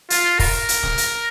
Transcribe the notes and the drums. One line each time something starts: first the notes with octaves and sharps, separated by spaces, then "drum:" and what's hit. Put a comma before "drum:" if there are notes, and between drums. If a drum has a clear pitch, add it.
F4, drum: hi-hat
A#4, drum: kick, open hi-hat
drum: hi-hat
drum: snare
drum: hi-hat